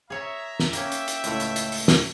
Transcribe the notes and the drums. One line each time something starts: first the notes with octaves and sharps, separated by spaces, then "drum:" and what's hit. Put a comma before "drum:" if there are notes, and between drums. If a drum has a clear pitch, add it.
G#4 C#5 E5 A#5
drum: snare
A#3 C#4 G5, drum: hi-hat
drum: hi-hat
drum: hi-hat
C#2 A2, drum: hi-hat
drum: hi-hat
drum: hi-hat
drum: open hi-hat
drum: snare